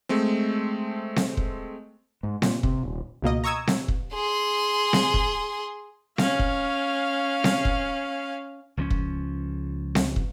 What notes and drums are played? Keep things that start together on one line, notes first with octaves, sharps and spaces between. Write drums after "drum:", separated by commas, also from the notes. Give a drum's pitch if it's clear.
G#3 A3 C4
drum: snare C4
drum: kick
G#2
A#2, drum: snare C4
C3, drum: kick
D#1
C#2 B2 A#3 D#5
A#5 C#6 D#6 E6 G#6
drum: snare C4
drum: kick
G#4 C6
drum: snare C4
drum: kick
C#4 F5, drum: snare C4
drum: kick
drum: snare C4
drum: kick
C#2 F3 A3 C#4
drum: kick
drum: snare C4
drum: kick